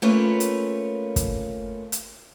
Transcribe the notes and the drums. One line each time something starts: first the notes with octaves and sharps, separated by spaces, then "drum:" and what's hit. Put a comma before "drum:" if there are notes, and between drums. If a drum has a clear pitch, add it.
A3 A#3 C#4 F4 B4 C#5
drum: hi-hat
drum: kick, hi-hat
drum: hi-hat